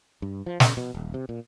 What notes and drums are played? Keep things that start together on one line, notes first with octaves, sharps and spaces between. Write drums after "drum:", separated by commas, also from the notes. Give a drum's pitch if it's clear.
G2
F3
C#3, drum: snare
B2
D#1
C3
A#2